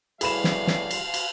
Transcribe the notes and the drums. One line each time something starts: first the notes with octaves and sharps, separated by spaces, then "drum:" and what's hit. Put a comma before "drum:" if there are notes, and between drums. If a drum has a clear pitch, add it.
A2 E3 G3 G#4 F5 B5 E7, drum: cymbal
drum: snare
drum: snare
drum: cymbal
drum: cymbal